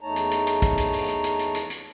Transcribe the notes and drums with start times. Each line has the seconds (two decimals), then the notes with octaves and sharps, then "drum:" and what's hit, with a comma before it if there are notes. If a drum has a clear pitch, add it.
0.01 E2 A3 D#4 C#5 A5 A#5
0.16 drum: hi-hat
0.31 drum: hi-hat
0.47 drum: hi-hat
0.62 drum: kick, hi-hat
0.78 drum: hi-hat
0.93 drum: open hi-hat
1.08 drum: hi-hat
1.24 drum: hi-hat
1.39 drum: hi-hat
1.55 drum: hi-hat
1.70 drum: hi-hat